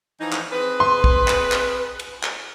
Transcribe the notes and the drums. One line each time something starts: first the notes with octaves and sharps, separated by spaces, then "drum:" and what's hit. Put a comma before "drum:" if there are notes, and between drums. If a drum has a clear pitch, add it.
E3 F3 D#4
drum: clap
C4 G#4 B4
C6
drum: kick
drum: clap
drum: clap
drum: cymbal
drum: clap